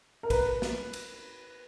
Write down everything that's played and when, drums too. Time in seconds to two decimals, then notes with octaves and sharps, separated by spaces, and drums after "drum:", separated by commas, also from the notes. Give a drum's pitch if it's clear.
0.23 A#4
0.30 B4, drum: kick, cymbal
0.62 drum: snare
0.93 drum: cymbal